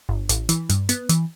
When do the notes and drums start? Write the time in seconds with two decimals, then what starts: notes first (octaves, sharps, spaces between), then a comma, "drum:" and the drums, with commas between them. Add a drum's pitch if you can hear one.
0.09 G1
0.29 A1, drum: hi-hat
0.49 E3, drum: hi-hat
0.69 G2, drum: hi-hat
0.89 B3, drum: hi-hat
1.09 E3, drum: hi-hat